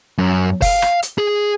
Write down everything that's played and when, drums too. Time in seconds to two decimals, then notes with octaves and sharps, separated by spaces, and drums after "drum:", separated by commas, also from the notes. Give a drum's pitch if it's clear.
0.18 F#2
0.62 F5, drum: kick F#1, open hi-hat
0.82 drum: rim click
1.02 drum: hi-hat
1.18 G#4